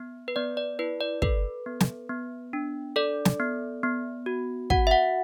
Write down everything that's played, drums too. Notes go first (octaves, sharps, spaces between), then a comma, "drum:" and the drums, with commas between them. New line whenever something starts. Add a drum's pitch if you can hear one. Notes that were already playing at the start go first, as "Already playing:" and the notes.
Already playing: B3
B4
B3 D5
D5
E4 B4
D5
A4 B4, drum: kick
B3
drum: snare
B3
D4
A4 D5
drum: snare
B3
B3
F#4
F#4 F#5, drum: kick
E5
F#5